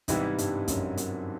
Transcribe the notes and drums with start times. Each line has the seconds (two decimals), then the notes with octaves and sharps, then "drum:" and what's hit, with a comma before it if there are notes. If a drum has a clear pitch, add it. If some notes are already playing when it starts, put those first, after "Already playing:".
0.08 G#2 C3 E3 G3 B3 E4, drum: kick, hi-hat
0.38 G2, drum: hi-hat
0.68 F#2, drum: kick, hi-hat
0.97 F#2, drum: hi-hat